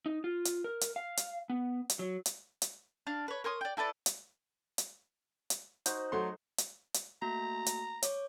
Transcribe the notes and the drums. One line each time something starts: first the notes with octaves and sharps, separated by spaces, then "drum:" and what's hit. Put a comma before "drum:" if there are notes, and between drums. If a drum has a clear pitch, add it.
D#4
F4
drum: hi-hat
A#4
drum: hi-hat
F5
drum: hi-hat
B3
drum: hi-hat
F#3
drum: hi-hat
drum: hi-hat
D4 F5
B4 C#5
A#4 C#5 C6 D#6
D5 G5
E4 A4 B4 D5
drum: hi-hat
drum: hi-hat
drum: hi-hat
D#4 F#4 C5, drum: hi-hat
F#3 A3 C6
drum: hi-hat
drum: hi-hat
A3 A#3 F#4 A#5
drum: hi-hat
C#5 D6, drum: hi-hat